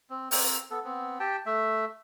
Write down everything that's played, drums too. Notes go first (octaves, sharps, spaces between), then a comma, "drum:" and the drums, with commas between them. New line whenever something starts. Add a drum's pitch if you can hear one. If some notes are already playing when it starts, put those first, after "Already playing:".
C4
C4 A#4, drum: open hi-hat
B3 A4
B3 C4
G4 G5 A5
A3 E5